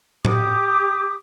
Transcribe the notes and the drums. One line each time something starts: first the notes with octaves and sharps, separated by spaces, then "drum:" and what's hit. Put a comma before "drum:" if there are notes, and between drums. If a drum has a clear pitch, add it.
G4 D6 D#6, drum: tom A2